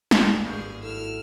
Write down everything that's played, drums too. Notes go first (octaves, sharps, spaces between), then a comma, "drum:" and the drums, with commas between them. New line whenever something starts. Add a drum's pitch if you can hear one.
D#1 A#3 D4 G#5, drum: snare
G#1 G2 A#3 G#4 F5 G6
E4 F#4 A4 E6 F6